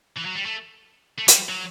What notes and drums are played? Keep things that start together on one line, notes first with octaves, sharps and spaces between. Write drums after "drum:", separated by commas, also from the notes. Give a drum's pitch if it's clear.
E3
F#3
G3
A3
A3
G3, drum: hi-hat
F#3